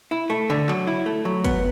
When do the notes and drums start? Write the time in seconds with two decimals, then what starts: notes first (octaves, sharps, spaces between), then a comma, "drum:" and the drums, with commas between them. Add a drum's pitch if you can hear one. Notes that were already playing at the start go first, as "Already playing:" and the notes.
0.11 E4
0.30 A3
0.50 D3
0.69 F#3, drum: clap
0.87 E4
1.06 A3
1.25 F#3
1.44 B3, drum: kick, hi-hat